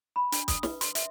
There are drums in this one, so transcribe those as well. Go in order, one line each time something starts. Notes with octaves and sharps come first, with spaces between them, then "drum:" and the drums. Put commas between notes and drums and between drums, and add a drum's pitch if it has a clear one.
B5
D4, drum: hi-hat
D#6, drum: kick, hi-hat
B4, drum: snare
C6, drum: hi-hat
E5, drum: hi-hat